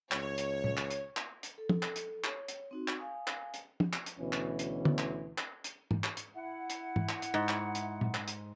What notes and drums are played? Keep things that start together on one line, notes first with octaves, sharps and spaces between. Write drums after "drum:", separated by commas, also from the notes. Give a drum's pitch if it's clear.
C#2 C#5, drum: clap
drum: hi-hat
drum: tom A#2
drum: clap
drum: hi-hat
drum: clap
drum: hi-hat
A4
drum: tom
drum: clap
drum: hi-hat
C#5, drum: clap
drum: hi-hat
C4 D#4 F#4
drum: clap
F5 G#5 D#6
drum: clap
drum: hi-hat
drum: tom
drum: clap
drum: hi-hat
D2 B2 E3 C#4
drum: clap
drum: hi-hat
drum: tom
drum: clap
drum: clap
drum: hi-hat
drum: tom G#2
drum: clap
drum: hi-hat
E4 F#5
drum: hi-hat
drum: tom G#2
drum: clap
drum: hi-hat
G#2
drum: clap
drum: hi-hat
drum: tom A#2
drum: clap
drum: hi-hat